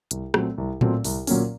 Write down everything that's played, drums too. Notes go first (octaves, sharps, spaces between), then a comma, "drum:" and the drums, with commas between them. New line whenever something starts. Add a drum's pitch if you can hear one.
C2, drum: hi-hat
A#2 F#3 A3 C4, drum: rim click
C2
A#2 F#3 A3 C4, drum: tom A2
C2, drum: open hi-hat
A#2 F#3 A#3 C#4, drum: open hi-hat